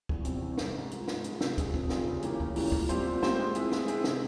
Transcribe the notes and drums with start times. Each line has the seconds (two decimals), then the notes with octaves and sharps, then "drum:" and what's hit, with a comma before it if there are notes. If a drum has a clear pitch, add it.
0.09 E2, drum: kick
0.25 C3 G3 C4, drum: hi-hat
0.42 E2
0.58 C3 G3 C4, drum: snare
0.75 G#2
0.91 F3 G#3, drum: hi-hat
1.08 G#2, drum: snare
1.24 F3 G#3, drum: hi-hat
1.41 C3, drum: snare
1.58 G3 C4 F4 G#4, drum: kick, hi-hat
1.74 C3, drum: kick
1.90 G3 C4 F4 G#4, drum: snare
2.07 C#3
2.22 E3 A#3 C#4 G4, drum: hi-hat
2.40 C#3, drum: kick
2.56 E3 A#3 C#4 G4, drum: open hi-hat
2.72 A#2, drum: kick
2.89 G3 C4 G4 C5, drum: hi-hat
3.05 A#2
3.23 G3 C4 G4 C5, drum: snare
3.38 G#3
3.55 C4 E4 G#4, drum: hi-hat
3.72 G#3, drum: snare
3.88 C4 E4 G#4, drum: hi-hat
4.04 C3, drum: snare